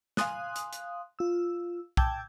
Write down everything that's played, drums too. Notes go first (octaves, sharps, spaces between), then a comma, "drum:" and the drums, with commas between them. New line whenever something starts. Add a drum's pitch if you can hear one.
F5 G#5 C6 D#6 F#6, drum: snare
drum: hi-hat
drum: hi-hat
F4 E6
G5 A5 D6 E6 G6 G#6, drum: kick B1